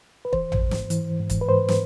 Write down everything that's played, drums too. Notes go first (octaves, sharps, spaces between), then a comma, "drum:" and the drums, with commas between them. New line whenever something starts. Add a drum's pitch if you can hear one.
B4
E3 C5, drum: kick
drum: tom A1
G#2
drum: snare
E3, drum: hi-hat
G#2
drum: kick, hi-hat
B4
G#2 C5
drum: snare